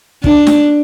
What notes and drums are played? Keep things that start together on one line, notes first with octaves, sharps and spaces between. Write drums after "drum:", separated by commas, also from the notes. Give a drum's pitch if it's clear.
D4, drum: kick
drum: snare